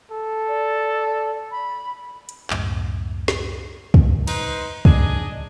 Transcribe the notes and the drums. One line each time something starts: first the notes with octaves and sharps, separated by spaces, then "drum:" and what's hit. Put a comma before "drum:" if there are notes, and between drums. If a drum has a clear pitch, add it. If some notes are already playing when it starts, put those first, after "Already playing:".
A4
D5
B5
drum: hi-hat
C#2 F#2 A2, drum: clap
drum: snare
drum: kick
D#4 B4 C5, drum: cymbal
D4 G#4 D#5, drum: kick